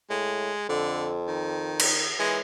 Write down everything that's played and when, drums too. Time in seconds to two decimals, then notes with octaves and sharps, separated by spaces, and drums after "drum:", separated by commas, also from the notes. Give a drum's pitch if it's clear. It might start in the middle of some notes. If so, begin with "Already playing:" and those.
0.10 A2 G#3
0.69 F2 D3
1.27 D#3
1.80 drum: cymbal
2.19 E3 G#3